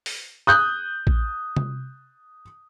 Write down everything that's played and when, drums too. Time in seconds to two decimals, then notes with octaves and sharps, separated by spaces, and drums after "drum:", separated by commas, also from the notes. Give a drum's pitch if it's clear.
0.06 drum: open hi-hat
0.47 D#6 F#6 G6
1.07 drum: kick A#1
1.57 drum: tom C3